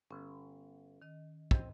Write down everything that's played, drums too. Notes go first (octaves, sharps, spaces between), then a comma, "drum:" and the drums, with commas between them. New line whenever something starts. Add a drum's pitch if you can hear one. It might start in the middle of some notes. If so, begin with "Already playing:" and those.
G1 C#4
D#3 D#5
C4 D#5, drum: kick